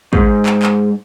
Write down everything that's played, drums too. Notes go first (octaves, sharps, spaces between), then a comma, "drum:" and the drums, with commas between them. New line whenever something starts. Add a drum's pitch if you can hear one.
G#2, drum: kick
drum: clap
drum: clap